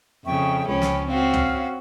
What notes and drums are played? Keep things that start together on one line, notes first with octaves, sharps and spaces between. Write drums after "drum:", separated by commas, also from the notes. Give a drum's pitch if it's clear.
F2 C#3 E5 G5 C#6
C#2 F3 C#4 C#5 G5 B5
drum: snare
C4 C#4 F#4 F5
drum: tom